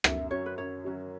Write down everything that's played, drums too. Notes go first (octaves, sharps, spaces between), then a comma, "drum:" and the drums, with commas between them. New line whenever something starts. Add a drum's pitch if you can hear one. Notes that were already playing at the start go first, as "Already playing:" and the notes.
F#2 E5, drum: rim click
F#3 C#4 F#4 C#5
B4
F#2 C#5
F#3 C#4 F#4